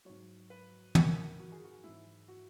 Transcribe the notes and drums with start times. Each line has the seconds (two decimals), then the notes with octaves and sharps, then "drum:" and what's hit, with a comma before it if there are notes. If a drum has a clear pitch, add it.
0.05 G#2 F#3 C#5
0.50 B4
0.95 A#4, drum: tom
1.39 F#4
1.52 G#4
1.64 F#4
1.84 G#2 E3 G#3 E4
2.28 F#4